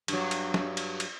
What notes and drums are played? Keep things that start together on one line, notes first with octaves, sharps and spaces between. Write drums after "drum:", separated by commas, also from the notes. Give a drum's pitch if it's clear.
G2 F#3, drum: cymbal
drum: cymbal
drum: snare
drum: cymbal
drum: cymbal